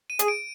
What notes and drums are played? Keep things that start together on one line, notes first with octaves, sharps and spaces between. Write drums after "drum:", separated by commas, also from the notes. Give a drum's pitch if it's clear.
D#7
G#4, drum: hi-hat
D7